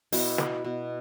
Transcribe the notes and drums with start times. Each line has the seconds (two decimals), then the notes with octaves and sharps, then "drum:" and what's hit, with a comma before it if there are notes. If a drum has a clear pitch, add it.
0.12 B2 E4, drum: open hi-hat
0.38 B3, drum: snare
0.64 B2